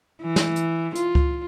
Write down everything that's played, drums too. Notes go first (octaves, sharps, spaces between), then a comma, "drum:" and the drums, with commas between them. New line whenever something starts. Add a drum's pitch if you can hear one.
E3
drum: snare
drum: hi-hat
F4, drum: hi-hat
drum: kick C#2